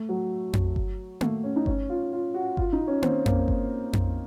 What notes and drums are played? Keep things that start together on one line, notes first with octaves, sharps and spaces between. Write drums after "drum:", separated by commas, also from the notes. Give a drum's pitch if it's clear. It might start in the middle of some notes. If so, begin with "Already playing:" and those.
Already playing: A3
F#3
drum: tom F2
drum: kick G1
A3, drum: tom A#3
C#4
D#4
C#4, drum: kick G1
F4
F4
F#4
F4, drum: kick G1
D#4
C#4
C4, drum: tom A#3
A#3, drum: tom F2
drum: kick G1
drum: tom F2